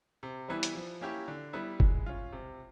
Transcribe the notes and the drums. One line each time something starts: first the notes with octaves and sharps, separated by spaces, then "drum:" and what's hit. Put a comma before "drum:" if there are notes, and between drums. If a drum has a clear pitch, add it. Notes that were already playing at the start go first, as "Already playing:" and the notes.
C3
E3 G3 B3 E4
drum: hi-hat
F3
A#3 C#4 E4 G4
D3
G3 B3 E4
G#3, drum: kick F#1
C#4 F4
C3